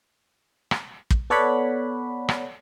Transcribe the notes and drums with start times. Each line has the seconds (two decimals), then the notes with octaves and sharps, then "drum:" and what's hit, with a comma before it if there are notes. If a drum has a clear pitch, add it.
0.71 drum: rim click
1.10 drum: kick
1.30 B3 A4 C#5 D5 F#5 B5
2.29 drum: rim click